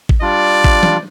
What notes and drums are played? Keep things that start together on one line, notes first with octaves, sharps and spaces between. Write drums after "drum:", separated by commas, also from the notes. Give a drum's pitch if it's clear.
drum: kick G#1
G3 D4 F4 D5
drum: kick G#1
drum: tom E3